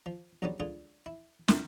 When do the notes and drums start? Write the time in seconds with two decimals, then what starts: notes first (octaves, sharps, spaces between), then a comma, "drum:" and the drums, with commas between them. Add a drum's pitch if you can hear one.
0.06 F3
0.42 B1 G2 C#3 F#3 G3 C#4
0.60 C#2 D3 F4 G#4
1.06 E4
1.48 F2 A3 A#4 G5, drum: snare